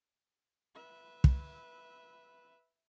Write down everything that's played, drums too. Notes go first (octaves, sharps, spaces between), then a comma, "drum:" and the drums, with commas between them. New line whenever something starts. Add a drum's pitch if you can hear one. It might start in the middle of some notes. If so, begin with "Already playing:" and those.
B4 E5
drum: kick